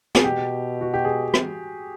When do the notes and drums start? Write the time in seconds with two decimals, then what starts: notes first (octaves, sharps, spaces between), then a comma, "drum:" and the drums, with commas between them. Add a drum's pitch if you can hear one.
0.15 G#4, drum: snare
0.24 B2 G4
0.81 F#4
0.94 G4
1.05 G#4
1.34 drum: rim click